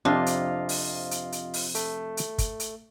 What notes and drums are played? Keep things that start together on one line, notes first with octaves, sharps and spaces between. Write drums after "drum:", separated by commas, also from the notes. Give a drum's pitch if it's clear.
F2 C3 D4 F4 D#5 F5
drum: hi-hat
drum: open hi-hat
drum: hi-hat
drum: hi-hat
drum: open hi-hat
A3, drum: hi-hat
drum: hi-hat
drum: kick, hi-hat
drum: hi-hat